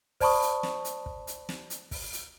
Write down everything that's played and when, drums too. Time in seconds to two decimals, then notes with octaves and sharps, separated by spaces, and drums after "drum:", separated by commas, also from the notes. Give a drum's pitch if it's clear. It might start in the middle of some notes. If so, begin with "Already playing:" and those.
0.21 C5 D5 A5 B5 C#6 D#6, drum: kick, open hi-hat
0.42 drum: hi-hat
0.63 drum: snare
0.85 drum: hi-hat
1.06 drum: kick
1.27 drum: hi-hat
1.49 drum: snare
1.70 drum: hi-hat
1.91 drum: kick, open hi-hat
2.13 drum: hi-hat